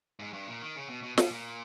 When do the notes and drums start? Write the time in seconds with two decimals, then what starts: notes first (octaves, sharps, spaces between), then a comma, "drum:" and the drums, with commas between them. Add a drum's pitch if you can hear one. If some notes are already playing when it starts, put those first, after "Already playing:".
0.20 G#2
0.33 G2
0.47 A#2
0.62 D#3
0.76 C#3
0.89 B2
1.03 B2
1.18 B2, drum: snare
1.31 A#2